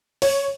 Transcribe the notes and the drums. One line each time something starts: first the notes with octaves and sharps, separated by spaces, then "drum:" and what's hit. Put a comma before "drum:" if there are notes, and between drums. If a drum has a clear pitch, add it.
C#5, drum: open hi-hat